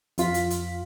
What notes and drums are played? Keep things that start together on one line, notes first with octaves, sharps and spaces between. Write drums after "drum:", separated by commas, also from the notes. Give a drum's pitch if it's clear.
F2 F4 B6, drum: hi-hat
drum: hi-hat
drum: hi-hat